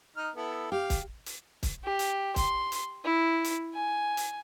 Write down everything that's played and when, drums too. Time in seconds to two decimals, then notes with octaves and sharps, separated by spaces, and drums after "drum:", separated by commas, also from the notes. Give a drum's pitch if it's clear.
0.17 D#4 F6
0.36 B3 E4 A4
0.72 G4 F5 G5
0.90 drum: kick, hi-hat
1.26 drum: hi-hat
1.63 drum: kick, hi-hat
1.84 G4
1.99 drum: hi-hat
2.36 C6, drum: kick, hi-hat
2.72 drum: hi-hat
3.04 E4
3.44 drum: hi-hat
3.74 G#5
4.17 drum: hi-hat